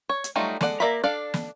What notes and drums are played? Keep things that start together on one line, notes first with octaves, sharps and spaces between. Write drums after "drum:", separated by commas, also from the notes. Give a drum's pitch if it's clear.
C#5
drum: hi-hat
F#3 G3 A3 D#4 F4
G#3 A4 D5 F#5, drum: snare
A#3 D5 E5 A#5 B5
D4 A4 D5 F5
drum: snare